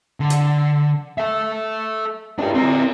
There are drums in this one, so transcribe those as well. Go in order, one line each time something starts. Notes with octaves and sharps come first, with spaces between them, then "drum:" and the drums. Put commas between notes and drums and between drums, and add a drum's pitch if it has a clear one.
D3
drum: hi-hat
A4 E5
D4 G4, drum: cymbal
C4 A#5